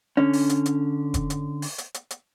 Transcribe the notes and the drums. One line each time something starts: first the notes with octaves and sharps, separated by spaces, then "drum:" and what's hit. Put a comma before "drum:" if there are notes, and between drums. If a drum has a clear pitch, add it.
D3 C#4
drum: open hi-hat
drum: hi-hat
drum: hi-hat
drum: kick F1, hi-hat
drum: hi-hat
drum: open hi-hat
drum: hi-hat
drum: hi-hat
drum: hi-hat